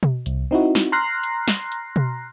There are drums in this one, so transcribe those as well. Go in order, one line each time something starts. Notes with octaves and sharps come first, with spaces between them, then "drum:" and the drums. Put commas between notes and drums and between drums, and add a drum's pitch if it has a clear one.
drum: tom B2
C2, drum: hi-hat
C4 D#4 E4 F#4
drum: snare
A#5 C6 F6 F#6 A#6 C7
drum: hi-hat
drum: snare
drum: hi-hat
drum: tom B2